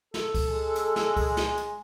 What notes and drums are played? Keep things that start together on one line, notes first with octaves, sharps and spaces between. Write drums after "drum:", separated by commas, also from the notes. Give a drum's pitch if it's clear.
A4, drum: snare
drum: kick C#2, open hi-hat
G#3
drum: hi-hat
drum: snare
drum: kick C#2, open hi-hat
drum: snare
drum: hi-hat